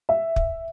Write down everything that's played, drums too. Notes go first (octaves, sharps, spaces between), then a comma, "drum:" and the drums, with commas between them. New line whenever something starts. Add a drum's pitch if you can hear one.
E5
drum: kick